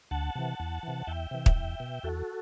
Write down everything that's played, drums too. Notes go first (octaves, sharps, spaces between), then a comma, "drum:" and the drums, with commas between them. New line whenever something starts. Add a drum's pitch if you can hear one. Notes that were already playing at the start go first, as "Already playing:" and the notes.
D2 F#5 A5
C3 E3
E2
C3 E3
E2 E5 G5
C3 E3
drum: kick
E2
B2
E2 F#4 A4